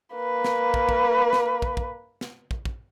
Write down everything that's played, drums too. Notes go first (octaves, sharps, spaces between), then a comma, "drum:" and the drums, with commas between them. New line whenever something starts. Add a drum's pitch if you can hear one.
A#3 B4
drum: snare
drum: kick
drum: kick
drum: snare
drum: kick
drum: kick
drum: snare
drum: kick
drum: kick